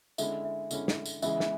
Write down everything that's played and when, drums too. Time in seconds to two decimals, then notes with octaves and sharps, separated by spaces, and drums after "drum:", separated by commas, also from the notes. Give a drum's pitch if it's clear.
0.18 D3 G#3 C#4 E4 E5, drum: tambourine
0.45 E5
0.71 D3 G#3 C#4 E4, drum: tambourine
0.88 drum: snare
1.06 drum: tambourine
1.22 C#3 E3 G#3 B3 E4 E5, drum: tambourine
1.40 drum: snare